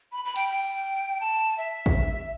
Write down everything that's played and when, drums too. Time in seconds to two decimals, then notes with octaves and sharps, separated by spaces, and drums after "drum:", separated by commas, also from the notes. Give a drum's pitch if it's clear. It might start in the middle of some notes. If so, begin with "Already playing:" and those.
0.12 B5
0.25 B5
0.36 G5, drum: cymbal
0.49 G5
1.21 A5
1.58 E5
1.86 drum: kick